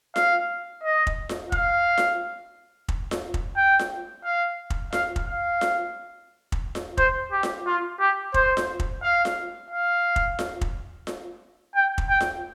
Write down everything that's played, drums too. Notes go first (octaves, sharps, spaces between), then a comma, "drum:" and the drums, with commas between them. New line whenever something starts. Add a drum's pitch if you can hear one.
F5, drum: snare F4
D#5
drum: kick
drum: snare F4
F5, drum: kick
drum: snare F4
drum: kick
drum: snare F4
drum: kick
G5
drum: snare F4
F5
drum: kick
F5, drum: snare F4
drum: kick
F5
drum: snare F4
drum: kick
drum: snare F4
C5, drum: kick
G4
drum: snare F4
F4
G4
C5, drum: kick
drum: snare F4
drum: kick
F5
drum: snare F4
F5
drum: kick
drum: snare F4
drum: kick
drum: snare F4
G5
drum: kick
G5
drum: snare F4